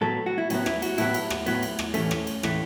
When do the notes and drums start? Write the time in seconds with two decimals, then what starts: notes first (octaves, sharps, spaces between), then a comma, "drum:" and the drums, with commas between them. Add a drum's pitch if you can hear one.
0.01 A2 F#3 B3 A4
0.26 F#4
0.38 E4
0.50 A2 F#3 B3 C#4, drum: cymbal
0.66 E4, drum: rim click
0.82 F#4, drum: cymbal
0.98 A2 F#3 B3 E4, drum: cymbal
1.14 drum: cymbal
1.30 drum: rim click
1.46 A2 F#3 B3, drum: cymbal
1.63 drum: cymbal
1.79 drum: rim click
1.94 A2 E3 A3 C#4, drum: cymbal
2.11 drum: rim click
2.27 drum: cymbal
2.43 A2 E3 A3, drum: rim click